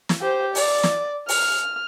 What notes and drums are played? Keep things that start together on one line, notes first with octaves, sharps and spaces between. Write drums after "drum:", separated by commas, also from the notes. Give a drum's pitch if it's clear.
drum: snare
G4 C5
D5, drum: open hi-hat
drum: snare
F6, drum: open hi-hat